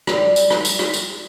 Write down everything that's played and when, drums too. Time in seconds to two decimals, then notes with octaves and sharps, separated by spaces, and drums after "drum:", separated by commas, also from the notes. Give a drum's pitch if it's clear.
0.07 G3 D4, drum: rim click
0.36 drum: tambourine
0.50 drum: rim click
0.65 drum: tambourine
0.79 drum: rim click
0.94 drum: tambourine